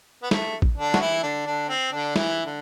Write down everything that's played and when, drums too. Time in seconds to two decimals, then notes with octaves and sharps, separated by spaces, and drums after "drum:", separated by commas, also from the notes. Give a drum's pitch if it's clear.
0.23 B3
0.31 A3, drum: snare
0.62 drum: kick A1
0.77 D3 D4
0.94 F#4, drum: snare
1.00 E3 E4
1.23 D3 D4
1.46 D3 D4
1.69 C4
1.92 D3 D4
2.16 E3 E4, drum: snare
2.46 D3